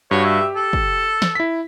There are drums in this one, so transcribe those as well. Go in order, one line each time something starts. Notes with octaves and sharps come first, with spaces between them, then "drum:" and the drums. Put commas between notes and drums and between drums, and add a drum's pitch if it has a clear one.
G2 F#4 C#5
E5
G4
A4
drum: kick
drum: snare
E4 B6